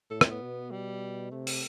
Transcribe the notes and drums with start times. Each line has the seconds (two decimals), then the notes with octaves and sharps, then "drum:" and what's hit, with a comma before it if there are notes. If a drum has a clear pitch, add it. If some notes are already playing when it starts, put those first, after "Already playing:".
0.10 A2 A4
0.21 C4, drum: rim click
0.31 B3
0.41 B2
0.71 G3
1.31 C3 A3
1.47 drum: open hi-hat